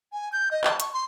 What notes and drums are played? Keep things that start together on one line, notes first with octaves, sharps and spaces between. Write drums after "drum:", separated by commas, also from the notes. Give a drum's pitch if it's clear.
G#5
G6
D#5
A5, drum: clap
C#6, drum: hi-hat
C6